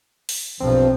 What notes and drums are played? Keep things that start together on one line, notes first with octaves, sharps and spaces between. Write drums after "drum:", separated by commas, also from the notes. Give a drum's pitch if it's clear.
drum: open hi-hat
B1 G2 F3 C4